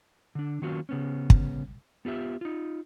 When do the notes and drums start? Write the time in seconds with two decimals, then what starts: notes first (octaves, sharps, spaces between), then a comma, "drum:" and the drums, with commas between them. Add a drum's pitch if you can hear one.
0.35 D3 D4
0.62 D#3 F#3 A#3 C#4 F4 F#4
0.89 C#3 B3 C#4
1.30 drum: kick
2.05 B3 F4 G4 E5
2.41 D#4 F4